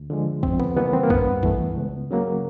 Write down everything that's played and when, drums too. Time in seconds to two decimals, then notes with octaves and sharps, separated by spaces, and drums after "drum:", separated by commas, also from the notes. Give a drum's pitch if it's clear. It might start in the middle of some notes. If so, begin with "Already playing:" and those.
Already playing: D2
0.10 D3 F3 G#3
0.43 F2 C4, drum: kick A#1
0.60 B3, drum: tom C3
0.76 C#3 E3 G3 A#3 B3
0.93 C4
1.03 A#3
1.10 G2 B3, drum: kick A#1
1.43 E3 A3, drum: kick A#1
1.76 C#2
2.11 C#3 F#3 A#3